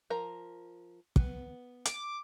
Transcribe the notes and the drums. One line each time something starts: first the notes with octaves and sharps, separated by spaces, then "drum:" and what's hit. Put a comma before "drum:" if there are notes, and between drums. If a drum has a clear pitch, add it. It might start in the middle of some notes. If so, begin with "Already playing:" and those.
F3 A#4 A#5
B3, drum: kick
D6, drum: hi-hat